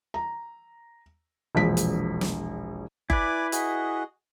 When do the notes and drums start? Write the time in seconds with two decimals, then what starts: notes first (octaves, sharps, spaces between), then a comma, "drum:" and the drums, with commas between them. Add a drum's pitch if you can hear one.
0.14 A#5
1.55 E1 A#1 B6
1.77 drum: hi-hat
2.21 drum: snare
3.10 E4 B4 D5 G#5 D6, drum: kick F#1
3.52 F#4 G#4 D#5, drum: hi-hat